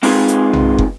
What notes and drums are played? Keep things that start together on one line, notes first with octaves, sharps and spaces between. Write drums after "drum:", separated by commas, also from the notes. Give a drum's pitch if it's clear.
G#3 C4 D#4 F4 G#4 B4, drum: open hi-hat
drum: hi-hat
drum: tom B1
drum: kick